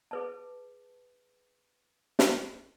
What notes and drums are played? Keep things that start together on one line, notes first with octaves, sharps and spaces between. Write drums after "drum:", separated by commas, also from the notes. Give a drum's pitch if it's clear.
G#4 B4 A5
drum: snare